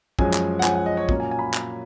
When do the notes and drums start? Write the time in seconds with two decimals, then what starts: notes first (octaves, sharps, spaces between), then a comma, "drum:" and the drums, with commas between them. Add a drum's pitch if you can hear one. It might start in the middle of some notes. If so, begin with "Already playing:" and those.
0.19 F#2 F3 G#3 C#4 G#5, drum: kick
0.34 drum: clap
0.59 F#5
0.63 F#2 F3 G#3 C#4 G#5, drum: clap
0.75 F#5
0.86 D#5
0.97 C#5
1.09 A#2 F#3 A#3 C#4, drum: kick
1.20 G#5
1.31 G#5
1.39 B5
1.54 drum: clap